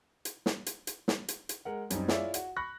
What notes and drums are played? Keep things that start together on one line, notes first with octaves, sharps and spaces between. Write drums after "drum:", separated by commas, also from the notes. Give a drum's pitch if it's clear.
drum: hi-hat
drum: snare
drum: hi-hat
drum: hi-hat
drum: snare
drum: hi-hat
drum: hi-hat
G#3 A#4 F#5
F#2 G3 C4 D#4, drum: hi-hat
E4 F4 G#4 C#5 D5 E5, drum: snare
F#4, drum: hi-hat
B5 C#6 F#6 A#6